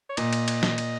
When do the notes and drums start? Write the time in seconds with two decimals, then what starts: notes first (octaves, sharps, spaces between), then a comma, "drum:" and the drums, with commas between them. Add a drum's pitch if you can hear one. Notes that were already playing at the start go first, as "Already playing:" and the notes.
0.09 C#5
0.17 A#2 D#5, drum: cymbal
0.33 drum: cymbal
0.48 drum: cymbal
0.63 drum: snare
0.78 drum: cymbal